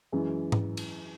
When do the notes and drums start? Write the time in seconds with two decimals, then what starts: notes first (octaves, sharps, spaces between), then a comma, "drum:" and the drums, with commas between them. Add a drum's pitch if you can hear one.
0.12 F#2 E3 G#3
0.52 drum: tom G#2
0.77 drum: cymbal